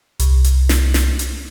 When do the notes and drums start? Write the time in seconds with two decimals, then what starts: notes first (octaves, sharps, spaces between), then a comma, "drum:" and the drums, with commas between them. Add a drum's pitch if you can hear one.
0.19 C2, drum: hi-hat
0.44 drum: hi-hat
0.69 drum: snare
0.94 drum: snare
1.19 drum: hi-hat